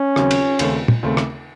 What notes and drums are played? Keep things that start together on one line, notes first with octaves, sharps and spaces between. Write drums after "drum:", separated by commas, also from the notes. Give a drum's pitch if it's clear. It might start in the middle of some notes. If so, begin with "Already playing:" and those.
Already playing: C#4
D#2 C#3 F#3 C4, drum: rim click
drum: cymbal
D#2 C#3 A3 C4, drum: cymbal
drum: tom
D#2 C#3 A3 C4
drum: rim click